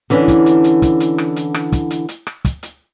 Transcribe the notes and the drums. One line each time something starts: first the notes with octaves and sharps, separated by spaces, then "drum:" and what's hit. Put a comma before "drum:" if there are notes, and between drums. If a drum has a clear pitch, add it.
D3 E3 C#4 D4, drum: hi-hat
drum: kick, hi-hat
drum: hi-hat
drum: hi-hat
drum: kick, hi-hat
drum: hi-hat
drum: rim click
drum: hi-hat
drum: rim click
drum: kick, hi-hat
drum: hi-hat
drum: hi-hat
drum: rim click
drum: kick, hi-hat
drum: hi-hat